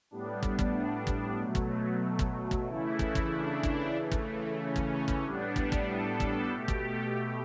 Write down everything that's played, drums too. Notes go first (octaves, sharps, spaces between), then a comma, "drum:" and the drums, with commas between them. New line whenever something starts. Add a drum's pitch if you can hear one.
A2 G3 B3 D4
drum: kick
drum: kick
D4
drum: kick
B2 F#3 A3
drum: kick
drum: kick
drum: kick
C#3 E3 A3 E4
drum: kick
drum: kick
D4
drum: kick
C#3 E3 A3
drum: kick
C#4
drum: kick
drum: kick
A2 G3 B3 D4
drum: kick
drum: kick
A4
drum: kick
B2 A3 G4
drum: kick